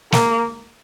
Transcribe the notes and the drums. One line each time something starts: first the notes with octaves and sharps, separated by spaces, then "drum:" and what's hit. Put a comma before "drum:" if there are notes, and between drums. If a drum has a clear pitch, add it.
A#3, drum: snare